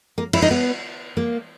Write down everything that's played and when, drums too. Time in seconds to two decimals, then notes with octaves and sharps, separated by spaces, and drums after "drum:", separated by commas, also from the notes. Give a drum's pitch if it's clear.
0.18 A#3
0.33 E4, drum: cymbal
0.42 D#4
0.51 B3
1.17 A#3